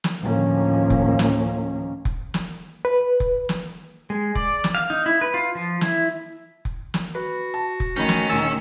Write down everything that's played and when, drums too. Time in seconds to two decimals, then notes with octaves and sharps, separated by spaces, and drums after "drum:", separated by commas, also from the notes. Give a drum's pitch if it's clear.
0.04 drum: snare
0.22 D2 A2 D#3 F3 A#3 C#4
0.90 drum: kick F1
1.19 drum: snare
2.05 drum: kick F1
2.34 drum: snare
2.85 B4
3.20 drum: kick F1
3.49 drum: snare
4.10 G#3
4.35 D5, drum: kick F1
4.64 drum: snare
4.75 F5
4.90 D#4
5.06 E4
5.21 B4
5.34 F4
5.55 F3
5.81 E4, drum: snare
6.65 drum: kick F1
6.94 drum: snare
7.15 F#4 B4
7.54 A5
7.80 drum: kick F1
7.97 D#3 A3 C#4 B5 G6
8.09 drum: snare
8.29 E1 G#5 E6 A6